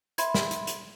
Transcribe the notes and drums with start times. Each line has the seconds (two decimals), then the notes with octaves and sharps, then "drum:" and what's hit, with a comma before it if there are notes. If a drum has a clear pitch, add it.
0.18 E5 B5 C6 G#6, drum: hi-hat
0.34 drum: snare
0.51 drum: hi-hat
0.67 drum: hi-hat